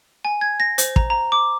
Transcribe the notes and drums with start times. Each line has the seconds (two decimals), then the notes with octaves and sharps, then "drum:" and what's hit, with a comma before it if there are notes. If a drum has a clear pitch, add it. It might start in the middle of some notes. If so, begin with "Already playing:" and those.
0.25 G#5
0.41 G#6
0.60 A#6
0.78 C5, drum: hi-hat
0.96 A#5, drum: kick
1.10 A#5
1.32 D6